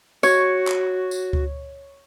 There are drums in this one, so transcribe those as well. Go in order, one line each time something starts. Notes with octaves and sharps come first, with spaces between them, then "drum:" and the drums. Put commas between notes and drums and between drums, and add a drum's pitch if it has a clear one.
F#4 C#5, drum: tambourine
drum: clap
drum: tambourine
drum: kick C#2